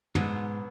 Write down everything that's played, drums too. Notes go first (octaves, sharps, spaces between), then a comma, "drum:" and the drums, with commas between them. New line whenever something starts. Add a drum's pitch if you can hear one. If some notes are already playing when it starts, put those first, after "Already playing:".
G#2 B2 F#3 G#3 B3, drum: tom